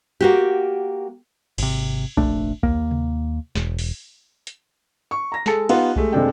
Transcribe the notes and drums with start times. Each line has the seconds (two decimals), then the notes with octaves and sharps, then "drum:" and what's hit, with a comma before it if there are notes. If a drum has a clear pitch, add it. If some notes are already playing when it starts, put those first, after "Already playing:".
0.21 A#3 F#4 G4
1.58 G#1 C3, drum: cymbal
2.17 F1 A#1 A3 D4, drum: kick B1
2.63 D#2 A#3, drum: kick B1
2.91 drum: tom C3
3.55 E1, drum: snare
3.79 drum: open hi-hat
4.47 drum: hi-hat
5.11 C#6
5.32 A#5 A#6
5.46 G#3 A4 A5 C#7, drum: snare
5.69 B3 D#4 F4 G4 F5 F#5, drum: cymbal
5.96 G#3 A3 G4, drum: kick B1
6.12 F#1 C3 G#3 D4 A4 G5